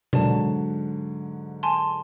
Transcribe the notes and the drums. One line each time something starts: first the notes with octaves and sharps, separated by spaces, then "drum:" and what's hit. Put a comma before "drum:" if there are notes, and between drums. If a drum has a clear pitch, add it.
G#2 D3 F#3 A#4 D5 A5, drum: tom B2
G#5 A5 C6